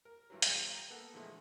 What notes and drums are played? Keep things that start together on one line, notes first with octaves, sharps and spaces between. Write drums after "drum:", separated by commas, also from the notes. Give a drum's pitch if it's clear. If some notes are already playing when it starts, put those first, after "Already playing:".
A#4
G2 E3 F#3
C2 B2 G#4 C5 F5, drum: hi-hat
G5 A#5
A#3 B3 A4 F#5
A#2 D3 E3 F3 G#3 A3